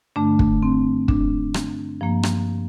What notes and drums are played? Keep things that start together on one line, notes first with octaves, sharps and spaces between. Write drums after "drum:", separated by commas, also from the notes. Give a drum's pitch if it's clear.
G2 D3 A3 D4
drum: kick
C4
D4, drum: kick
drum: rim click
G2 F3 A#3
drum: rim click